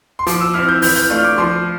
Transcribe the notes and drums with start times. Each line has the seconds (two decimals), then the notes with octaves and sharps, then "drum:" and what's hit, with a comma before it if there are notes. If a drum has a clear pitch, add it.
0.19 C6
0.27 F3 D6, drum: hi-hat
0.41 E6
0.54 C4 E4 F6
0.69 G6
0.82 E3 G6, drum: open hi-hat
0.96 G6
1.10 A3 D4 F4 F6
1.24 D6
1.38 F3 C6